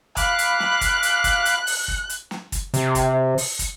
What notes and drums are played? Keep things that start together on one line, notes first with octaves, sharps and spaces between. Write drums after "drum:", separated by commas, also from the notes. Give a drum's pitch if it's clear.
F5 B5 D6 F#6, drum: kick, hi-hat
drum: hi-hat
drum: snare
drum: kick, hi-hat
drum: hi-hat
drum: kick, hi-hat
drum: hi-hat
drum: open hi-hat
drum: kick
drum: hi-hat
drum: snare
drum: kick, hi-hat
C3, drum: hi-hat
drum: kick, hi-hat
drum: open hi-hat
drum: kick, hi-hat